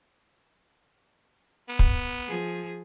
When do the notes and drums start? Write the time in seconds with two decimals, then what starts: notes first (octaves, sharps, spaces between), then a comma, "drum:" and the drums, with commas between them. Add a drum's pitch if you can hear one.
1.69 B3
1.79 drum: kick
2.28 F3 G#4